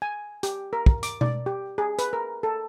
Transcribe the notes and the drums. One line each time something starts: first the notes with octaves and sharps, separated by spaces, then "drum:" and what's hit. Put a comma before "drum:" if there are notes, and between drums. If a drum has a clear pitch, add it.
G#5
G4, drum: hi-hat
A#4
drum: kick
D6, drum: hi-hat
D5, drum: tom B2
G4
G#4
B4, drum: hi-hat
A#4
A4